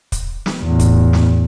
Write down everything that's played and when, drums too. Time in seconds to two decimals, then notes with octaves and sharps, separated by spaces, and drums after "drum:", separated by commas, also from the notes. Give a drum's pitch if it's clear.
0.12 drum: kick, hi-hat
0.46 drum: snare
0.63 E2 A2
0.79 drum: kick, hi-hat
1.13 drum: snare